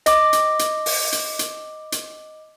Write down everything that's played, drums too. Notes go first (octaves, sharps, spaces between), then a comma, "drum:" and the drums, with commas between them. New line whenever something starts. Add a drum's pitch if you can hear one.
D#5 D6, drum: hi-hat
drum: hi-hat
drum: hi-hat
drum: open hi-hat
drum: hi-hat
drum: hi-hat
drum: hi-hat